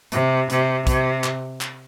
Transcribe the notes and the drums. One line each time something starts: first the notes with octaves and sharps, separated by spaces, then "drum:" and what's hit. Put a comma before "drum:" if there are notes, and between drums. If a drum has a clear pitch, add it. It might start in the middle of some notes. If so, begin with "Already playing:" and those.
C3, drum: hi-hat
C3, drum: hi-hat
C3, drum: kick, hi-hat
drum: clap
drum: clap